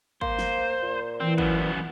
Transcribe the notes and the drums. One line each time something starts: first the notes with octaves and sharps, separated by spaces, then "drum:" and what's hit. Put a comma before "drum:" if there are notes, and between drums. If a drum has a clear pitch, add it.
A#3 C5, drum: kick
drum: snare
A#2
E3 C4
F#2 B3, drum: kick